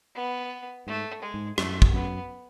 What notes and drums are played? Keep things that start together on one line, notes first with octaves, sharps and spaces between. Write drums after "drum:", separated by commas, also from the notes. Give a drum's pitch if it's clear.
B3
G#2 A3
G#3
G#2
F#2 A3, drum: rim click
drum: kick
F#2 B3